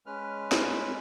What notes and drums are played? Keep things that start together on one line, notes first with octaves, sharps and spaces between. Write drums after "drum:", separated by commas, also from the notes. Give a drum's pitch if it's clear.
G#3 C#4 B4 F6
drum: snare